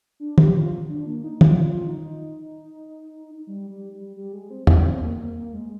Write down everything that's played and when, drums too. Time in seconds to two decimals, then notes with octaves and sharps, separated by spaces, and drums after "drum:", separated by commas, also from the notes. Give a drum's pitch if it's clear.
0.20 D4
0.38 G4, drum: tom
0.55 F4
0.89 D4
1.07 A#3
1.24 D#4
1.41 F4, drum: tom
1.64 F4
1.86 D#4
3.47 G3
3.70 G3
3.93 G3
4.16 G3
4.33 G#3
4.50 C4
4.67 C4, drum: tom
4.77 D4
4.84 C4
5.02 A#3
5.19 A#3
5.36 A#3
5.54 G#3